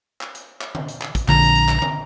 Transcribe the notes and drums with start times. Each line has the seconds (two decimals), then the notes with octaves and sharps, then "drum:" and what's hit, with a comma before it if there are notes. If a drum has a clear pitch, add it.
0.21 drum: clap
0.35 drum: hi-hat
0.61 drum: clap
0.75 drum: tom D3
0.88 drum: hi-hat
1.02 drum: clap
1.15 drum: kick, hi-hat
1.28 A#1 D3 A#5, drum: clap
1.42 drum: hi-hat
1.55 drum: hi-hat
1.69 drum: clap
1.82 drum: tom D3